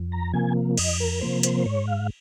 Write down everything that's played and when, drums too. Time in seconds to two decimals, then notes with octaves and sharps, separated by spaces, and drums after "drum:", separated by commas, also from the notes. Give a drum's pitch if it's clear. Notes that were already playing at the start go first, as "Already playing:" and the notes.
Already playing: F2
0.12 A#5
0.34 C3 F3 A#3 G#5
0.77 F2 D#5, drum: cymbal
1.00 A#4
1.21 C3 F3 A#3 C5
1.43 C5, drum: hi-hat
1.66 G#2 C#5
1.87 F5